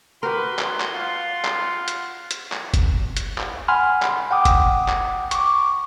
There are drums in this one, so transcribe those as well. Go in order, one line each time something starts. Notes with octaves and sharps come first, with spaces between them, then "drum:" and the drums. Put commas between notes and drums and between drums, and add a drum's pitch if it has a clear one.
F#4 G4 A#4 B4 C6
drum: clap
drum: clap
F4 F5 F#5
drum: clap
drum: hi-hat
drum: hi-hat
drum: clap
drum: kick F#1, hi-hat
drum: hi-hat
drum: clap
F#5 G#5 B5 C6 F6
drum: clap
F#5 G5 D6 D#6
drum: kick F#1, hi-hat
drum: clap
C#6 D6, drum: hi-hat